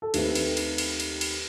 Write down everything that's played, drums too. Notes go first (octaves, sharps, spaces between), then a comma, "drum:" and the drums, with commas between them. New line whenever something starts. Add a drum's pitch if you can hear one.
A4
D#2 D#3 A3 C4 B4, drum: cymbal
drum: cymbal
drum: cymbal
drum: cymbal
drum: cymbal
drum: cymbal